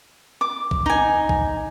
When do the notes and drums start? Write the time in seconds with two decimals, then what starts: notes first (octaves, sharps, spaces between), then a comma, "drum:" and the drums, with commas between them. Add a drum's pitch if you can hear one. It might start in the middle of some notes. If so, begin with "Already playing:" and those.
0.41 D6
0.71 drum: kick
0.86 D#4 G#5
1.29 drum: kick